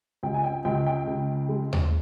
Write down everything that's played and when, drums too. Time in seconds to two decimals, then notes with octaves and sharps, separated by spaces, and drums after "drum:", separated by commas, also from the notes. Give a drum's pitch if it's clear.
0.23 C#2 G5
0.34 G#5
0.44 G5
0.65 C#2 G5
0.86 G5
1.07 C#3
1.49 G#3
1.73 drum: tom D#2